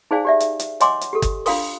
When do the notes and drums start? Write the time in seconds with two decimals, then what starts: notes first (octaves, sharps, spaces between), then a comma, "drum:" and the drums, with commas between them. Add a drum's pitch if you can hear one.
0.11 D#4 G#4 C5 D5 F5 G#5
0.25 G4 D5 E5
0.40 E5, drum: hi-hat
0.59 drum: hi-hat
0.80 C#5 D#5 F#5 G#5 C6 D6, drum: hi-hat
1.01 drum: hi-hat
1.13 G4 A4
1.22 drum: kick, hi-hat
1.46 D4 F4 F5 C6 D#6, drum: open hi-hat